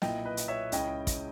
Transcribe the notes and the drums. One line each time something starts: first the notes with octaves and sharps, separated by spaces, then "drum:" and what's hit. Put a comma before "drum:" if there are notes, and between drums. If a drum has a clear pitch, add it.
B1 A#2 A#3 E4 D#5 G5, drum: snare
B4 D#5
drum: hi-hat
C#5 E5
C#2 C#3 G#3 C#4 E4 D#5 G5, drum: hi-hat
drum: kick, hi-hat